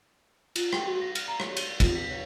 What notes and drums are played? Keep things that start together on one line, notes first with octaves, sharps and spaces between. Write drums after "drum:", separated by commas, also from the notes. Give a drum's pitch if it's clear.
F4, drum: cymbal
G5, drum: rim click
F#4
A#6
F6, drum: cymbal
A#5
C#5, drum: rim click
G7, drum: cymbal
F4, drum: kick, cymbal
B6
C#5